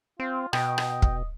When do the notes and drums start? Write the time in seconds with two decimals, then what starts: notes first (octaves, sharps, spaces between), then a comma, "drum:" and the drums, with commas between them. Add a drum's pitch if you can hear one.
0.20 C4 F4
0.53 B2 D#5 G5, drum: rim click
0.78 drum: rim click
1.02 drum: kick